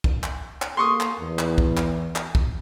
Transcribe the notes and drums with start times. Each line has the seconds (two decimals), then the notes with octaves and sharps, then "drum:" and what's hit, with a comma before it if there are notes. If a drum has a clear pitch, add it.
0.04 drum: kick
0.23 drum: clap
0.62 drum: clap
0.77 A#3 A4 C6 C#6 D#6
1.00 drum: clap
1.20 E2
1.39 drum: clap
1.58 drum: kick
1.77 drum: clap
2.16 drum: clap
2.35 drum: kick